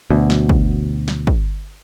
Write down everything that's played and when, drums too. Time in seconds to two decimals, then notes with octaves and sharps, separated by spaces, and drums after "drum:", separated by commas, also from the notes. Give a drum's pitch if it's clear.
0.10 D2 B2
0.30 drum: snare
0.49 drum: kick
1.08 drum: snare
1.27 drum: kick